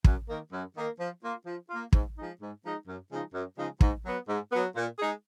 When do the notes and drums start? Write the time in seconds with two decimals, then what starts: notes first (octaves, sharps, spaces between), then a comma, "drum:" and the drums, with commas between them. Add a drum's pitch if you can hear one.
0.04 F#2, drum: kick
0.29 D#3 A#3
0.52 F#2
0.75 D#3 A#3
0.99 F3
1.22 A#3 F4
1.45 F3
1.70 A#3 F4
1.93 G#2, drum: kick
2.16 F3 G#3 D#4
2.40 G#2
2.63 F3 G#3 D#4
2.87 F#2
3.10 C#3 F3 G#3 D#4
3.33 F#2
3.57 C#3 F3 G#3 D#4
3.81 G#2, drum: kick
4.04 F#3 B3
4.28 G#2
4.51 F#3 B3
4.75 A#2
4.98 G#3 D#4 G#4